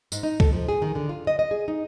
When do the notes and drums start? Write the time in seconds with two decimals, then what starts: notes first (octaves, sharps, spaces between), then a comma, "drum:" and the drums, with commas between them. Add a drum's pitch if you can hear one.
0.12 G#2, drum: tambourine
0.23 D#4
0.40 A4, drum: kick C2
0.53 F3
0.69 G#4
0.82 D#3
0.95 D3
1.09 F4
1.27 D#5
1.39 D#5
1.51 G#4
1.68 D#4